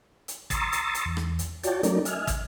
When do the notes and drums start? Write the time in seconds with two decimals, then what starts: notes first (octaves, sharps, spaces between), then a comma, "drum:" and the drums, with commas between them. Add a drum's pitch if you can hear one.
0.28 drum: hi-hat
0.50 A#5 C6 C#6 D#6 E6 A6, drum: kick, hi-hat
0.72 drum: hi-hat
0.95 drum: hi-hat
1.05 E2
1.17 drum: rim click
1.39 drum: hi-hat
1.63 F4 F#4 C#5 D5 G5 A5, drum: hi-hat
1.83 F#3 A3 C#4 D#4 A#4 D5, drum: hi-hat
2.05 D#5 E5 G#5 F6, drum: hi-hat
2.27 drum: kick, hi-hat